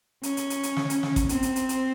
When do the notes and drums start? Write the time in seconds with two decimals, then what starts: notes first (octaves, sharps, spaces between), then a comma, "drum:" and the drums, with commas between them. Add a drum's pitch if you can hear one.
0.23 C#4, drum: hi-hat
0.37 drum: hi-hat
0.50 drum: hi-hat
0.63 drum: hi-hat
0.77 drum: snare
0.90 drum: hi-hat
1.03 drum: snare
1.16 drum: kick, hi-hat
1.29 C4, drum: hi-hat
1.43 drum: hi-hat
1.56 drum: hi-hat
1.69 drum: hi-hat